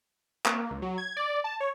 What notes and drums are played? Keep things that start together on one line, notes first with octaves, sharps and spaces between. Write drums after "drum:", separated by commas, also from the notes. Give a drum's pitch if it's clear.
A#3, drum: clap
C#2
F#3
G#6
D5
A5
C#5